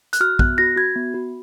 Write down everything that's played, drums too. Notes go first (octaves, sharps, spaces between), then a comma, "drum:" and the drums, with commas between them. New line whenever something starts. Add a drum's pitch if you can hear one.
F#6, drum: hi-hat
F#4 F6
B3 F#6, drum: kick
F#4 A#6
F#4 G#6
B3
F#4